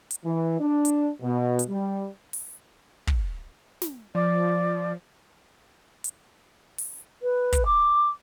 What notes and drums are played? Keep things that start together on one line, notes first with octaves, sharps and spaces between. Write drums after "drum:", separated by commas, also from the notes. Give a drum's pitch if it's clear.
drum: hi-hat
E3
D4
drum: hi-hat
B2
drum: hi-hat
G3
drum: open hi-hat
drum: kick
drum: snare
F3 D5
drum: hi-hat
drum: open hi-hat
B4
drum: kick, hi-hat
D6